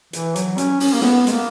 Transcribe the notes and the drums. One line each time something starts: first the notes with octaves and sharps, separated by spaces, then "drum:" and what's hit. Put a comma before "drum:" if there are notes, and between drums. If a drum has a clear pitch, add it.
E3, drum: hi-hat
F#3, drum: hi-hat
C#4, drum: hi-hat
C#4, drum: open hi-hat
A#3
B3, drum: snare
G#3, drum: hi-hat
A#3